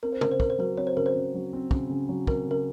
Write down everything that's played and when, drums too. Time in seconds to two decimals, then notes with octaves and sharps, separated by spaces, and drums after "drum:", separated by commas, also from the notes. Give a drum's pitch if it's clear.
0.03 C4 A#4
0.12 C5
0.21 C#3 A#4, drum: tom
0.31 C5
0.40 C#3 A#4, drum: kick
0.50 C5
0.59 F#3 A#4
0.77 C4 C#5
0.87 C5
0.97 C#3 A#4
1.06 C5
1.16 C#3
1.34 F#3
1.53 C4
1.71 C#3, drum: kick
1.90 C#3
2.09 F#3
2.27 C4 A#4, drum: kick
2.46 C#3 A#4